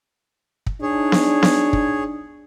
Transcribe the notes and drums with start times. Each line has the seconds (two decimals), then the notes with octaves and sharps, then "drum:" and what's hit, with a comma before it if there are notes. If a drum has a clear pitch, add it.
0.66 drum: kick
0.82 D4 D#4 G#4 C#5
1.12 drum: snare B3
1.43 drum: snare B3
1.73 drum: kick